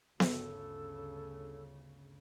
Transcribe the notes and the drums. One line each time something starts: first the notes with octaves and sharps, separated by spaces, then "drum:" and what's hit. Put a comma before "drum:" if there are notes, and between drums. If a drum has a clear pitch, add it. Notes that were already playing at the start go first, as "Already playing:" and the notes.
G1 D2 C#3 A4, drum: snare B3